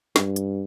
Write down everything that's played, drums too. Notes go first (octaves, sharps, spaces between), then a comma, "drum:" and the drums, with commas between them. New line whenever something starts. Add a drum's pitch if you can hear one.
G2, drum: snare
drum: hi-hat